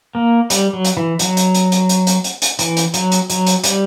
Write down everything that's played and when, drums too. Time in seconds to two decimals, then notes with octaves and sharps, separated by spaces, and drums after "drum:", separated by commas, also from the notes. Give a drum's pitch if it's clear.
0.15 A#3
0.50 G3, drum: hi-hat
0.73 F#3
0.85 drum: hi-hat
0.97 E3
1.19 F#3, drum: hi-hat
1.37 drum: hi-hat
1.54 drum: hi-hat
1.72 drum: hi-hat
1.89 drum: hi-hat
2.07 drum: hi-hat
2.24 drum: hi-hat
2.42 drum: hi-hat
2.59 E3, drum: hi-hat
2.77 drum: hi-hat
2.94 F#3, drum: hi-hat
3.12 drum: hi-hat
3.30 F#3, drum: hi-hat
3.47 drum: hi-hat
3.64 G3, drum: hi-hat